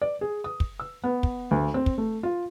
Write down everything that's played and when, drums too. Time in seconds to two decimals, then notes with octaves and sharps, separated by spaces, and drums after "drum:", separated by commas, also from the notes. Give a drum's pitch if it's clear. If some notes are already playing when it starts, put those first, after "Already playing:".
0.02 D5
0.21 G#4
0.44 D#6
0.60 drum: kick
0.80 E6
1.04 B3
1.23 drum: kick
1.51 D2
1.74 C4
1.86 drum: kick
1.98 A3
2.23 F4